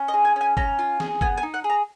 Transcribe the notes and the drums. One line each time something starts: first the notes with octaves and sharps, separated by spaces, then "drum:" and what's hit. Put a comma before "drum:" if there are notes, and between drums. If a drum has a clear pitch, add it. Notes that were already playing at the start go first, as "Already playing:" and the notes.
Already playing: C#4
D#5
G#4
G#5
C#4 G#5
C#4 A#5, drum: kick F#1
F4
G#4, drum: snare
B3 G#5, drum: kick F#1
G#5
D#4
F#5
G#4
A#5